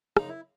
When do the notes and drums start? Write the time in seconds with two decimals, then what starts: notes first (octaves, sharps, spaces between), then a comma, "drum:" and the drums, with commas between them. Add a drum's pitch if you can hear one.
0.17 F#2 C#3 F3 A#3 D#4, drum: rim click
0.28 E4